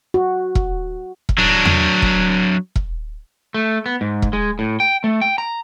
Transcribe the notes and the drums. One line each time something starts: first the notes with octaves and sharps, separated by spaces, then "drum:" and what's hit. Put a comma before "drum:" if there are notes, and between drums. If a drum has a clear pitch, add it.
F#4
drum: kick E1
drum: kick E1
F#3 D4
drum: tom E2
drum: kick E1
drum: kick E1
A3
B3
G#2
drum: kick E1
G#3
A2
G5
A3
G5
A#5